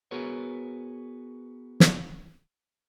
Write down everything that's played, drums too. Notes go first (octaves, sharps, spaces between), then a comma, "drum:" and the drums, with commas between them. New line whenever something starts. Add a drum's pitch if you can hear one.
B3 F#4 G#4 A#4 B4 C#5
drum: snare